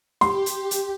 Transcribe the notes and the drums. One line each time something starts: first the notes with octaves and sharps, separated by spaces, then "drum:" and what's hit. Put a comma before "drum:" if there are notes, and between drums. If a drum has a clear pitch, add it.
G4 C6, drum: snare
drum: hi-hat
drum: hi-hat